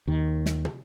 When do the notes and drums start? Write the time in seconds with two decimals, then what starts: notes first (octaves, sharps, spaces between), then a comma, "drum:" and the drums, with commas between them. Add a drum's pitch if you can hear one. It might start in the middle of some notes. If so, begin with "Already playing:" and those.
0.07 D#2 D#3
0.46 drum: snare
0.65 drum: tom